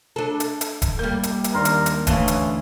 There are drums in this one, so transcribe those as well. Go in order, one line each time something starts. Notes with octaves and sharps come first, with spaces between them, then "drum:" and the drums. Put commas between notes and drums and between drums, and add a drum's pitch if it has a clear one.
D4 A4
drum: hi-hat
drum: hi-hat
drum: kick E1, hi-hat
G3 A#3 G6
drum: hi-hat
drum: hi-hat
D#2 D4 A#4 C6
drum: hi-hat
drum: hi-hat
D2 E3 C#4 F5 A5, drum: kick E1, hi-hat
drum: hi-hat